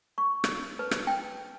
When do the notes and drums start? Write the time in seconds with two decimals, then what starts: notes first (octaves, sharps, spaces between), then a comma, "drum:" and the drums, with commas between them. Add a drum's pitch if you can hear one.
0.18 C#6
0.44 drum: rim click
0.79 B4
0.91 drum: rim click
1.07 G5